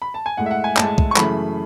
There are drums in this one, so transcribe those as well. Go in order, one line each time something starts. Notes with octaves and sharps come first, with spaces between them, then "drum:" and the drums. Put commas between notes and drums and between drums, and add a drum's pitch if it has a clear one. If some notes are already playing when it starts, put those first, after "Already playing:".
B5
A5
G#5
A2 G#3 F#5
E5
F#5
G#5
A2 G#3 A5, drum: clap
drum: kick
C#6
F#2 C#3 E3 A3 B5, drum: clap